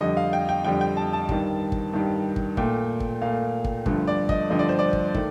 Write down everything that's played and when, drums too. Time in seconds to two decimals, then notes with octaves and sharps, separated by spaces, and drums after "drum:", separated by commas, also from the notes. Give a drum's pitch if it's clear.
0.01 F2 D3 G3 D#5
0.17 F5
0.33 G5
0.49 G5
0.64 F2 D3 G3 G5
0.81 G5
0.97 A5
1.13 A5
1.29 G2 D#3 G3, drum: kick
1.72 drum: kick
1.93 G2 D#3 G3
2.36 drum: kick
2.57 A#2 A3 G5, drum: kick
3.00 drum: kick
3.21 A#2 A3 F5
3.64 drum: kick
3.86 G2 D3 F3 A3, drum: kick
4.07 D5
4.29 D#5, drum: kick
4.50 G2 D3 F3 A3 D#5
4.59 D5
4.69 C5
4.79 D5
4.93 drum: kick
5.14 D#3 A3, drum: kick